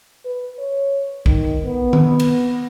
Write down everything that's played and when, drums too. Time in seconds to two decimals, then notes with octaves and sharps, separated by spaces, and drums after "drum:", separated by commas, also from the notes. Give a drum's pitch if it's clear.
0.25 B4
0.59 C#5
1.26 D#3, drum: kick
1.65 B3
1.93 drum: tom D#3
2.20 drum: cymbal